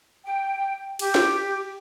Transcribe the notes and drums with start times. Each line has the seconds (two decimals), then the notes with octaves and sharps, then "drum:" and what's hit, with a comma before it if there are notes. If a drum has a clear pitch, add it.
0.25 G5
0.99 G4, drum: cymbal
1.15 drum: snare